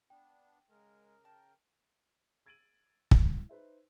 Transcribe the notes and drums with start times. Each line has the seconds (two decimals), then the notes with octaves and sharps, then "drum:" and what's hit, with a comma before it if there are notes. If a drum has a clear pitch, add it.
0.10 B3 D4 G5
0.70 C#3 G#3 A#4
1.25 G5 A5
2.46 E6 G#6 A6 D7 D#7 F#7
3.11 E4, drum: kick
3.49 D#4 B4 C5 E5